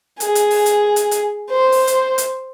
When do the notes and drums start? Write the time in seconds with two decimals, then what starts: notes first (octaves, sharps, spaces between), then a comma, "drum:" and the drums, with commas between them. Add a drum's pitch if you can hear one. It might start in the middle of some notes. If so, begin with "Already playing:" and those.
0.20 G#4, drum: hi-hat
0.35 drum: hi-hat
0.51 drum: open hi-hat
0.66 drum: hi-hat
0.96 drum: hi-hat
1.11 drum: hi-hat
1.50 C5
1.72 drum: open hi-hat
1.87 drum: hi-hat
2.18 drum: hi-hat